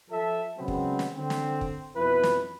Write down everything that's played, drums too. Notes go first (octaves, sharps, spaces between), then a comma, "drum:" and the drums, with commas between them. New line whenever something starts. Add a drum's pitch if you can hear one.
F3 A4 E5
C#3 F#3 G#3 B3 C4
drum: kick
drum: snare
D3 C4
drum: snare
drum: kick
F2 B2 E4 B4
drum: snare